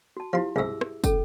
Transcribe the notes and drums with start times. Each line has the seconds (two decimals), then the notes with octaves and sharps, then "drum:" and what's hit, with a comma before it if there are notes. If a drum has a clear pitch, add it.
0.17 F#4 A5
0.33 F3 E4 G4 C6
0.56 C2 G#2 G#4 E5 E6
0.81 drum: rim click
1.04 C#4 A4, drum: kick, tambourine